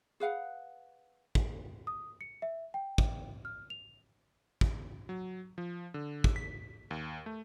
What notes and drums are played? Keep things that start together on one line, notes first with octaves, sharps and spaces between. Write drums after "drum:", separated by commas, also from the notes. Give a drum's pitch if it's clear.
G#4 B4 F5 F#5
drum: kick
D#6
C#7
E5
G5
drum: kick
F6
F7
drum: kick
F#3
F3
D3
drum: kick
B6
D#2
A3